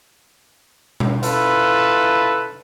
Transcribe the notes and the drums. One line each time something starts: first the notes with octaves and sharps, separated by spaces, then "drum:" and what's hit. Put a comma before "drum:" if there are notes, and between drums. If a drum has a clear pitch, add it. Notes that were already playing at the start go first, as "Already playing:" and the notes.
drum: tom
E4 F4 A4 B4, drum: hi-hat